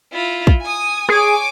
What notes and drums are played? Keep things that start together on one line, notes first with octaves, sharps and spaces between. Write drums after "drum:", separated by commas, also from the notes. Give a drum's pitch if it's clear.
E4 F4
drum: kick
G#5 D#6
G#4 C#5 G#5 D6, drum: rim click